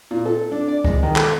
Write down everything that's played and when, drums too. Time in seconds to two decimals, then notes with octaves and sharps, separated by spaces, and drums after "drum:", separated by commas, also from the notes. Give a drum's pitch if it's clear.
0.11 A#2
0.26 A4
0.52 D4
0.68 D5
0.84 G#3, drum: kick
1.03 D#3
1.16 A4, drum: clap